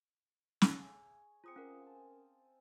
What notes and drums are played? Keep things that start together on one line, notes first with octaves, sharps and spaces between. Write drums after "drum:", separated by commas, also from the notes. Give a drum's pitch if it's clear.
drum: snare
G#4 C#5
C4 F4 G#4 C5 D#6 C#7
C#4 A#4 D#5 F5
G#5 A5